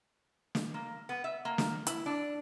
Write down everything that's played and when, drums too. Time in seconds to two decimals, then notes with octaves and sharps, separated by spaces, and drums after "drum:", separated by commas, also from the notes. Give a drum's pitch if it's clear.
0.55 drum: snare
0.74 A#3
1.09 B3
1.24 E5
1.45 A#3
1.58 drum: snare
1.87 E4, drum: hi-hat
2.06 D4